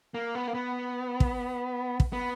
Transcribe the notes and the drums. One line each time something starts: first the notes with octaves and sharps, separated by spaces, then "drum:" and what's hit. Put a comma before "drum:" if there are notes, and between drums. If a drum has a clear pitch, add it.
A#3
B3
A#3
B3
drum: kick
drum: kick
B3